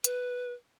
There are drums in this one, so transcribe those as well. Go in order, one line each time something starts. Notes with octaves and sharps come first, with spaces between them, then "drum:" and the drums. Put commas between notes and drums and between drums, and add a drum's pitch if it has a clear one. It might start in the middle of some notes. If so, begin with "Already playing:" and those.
B4, drum: hi-hat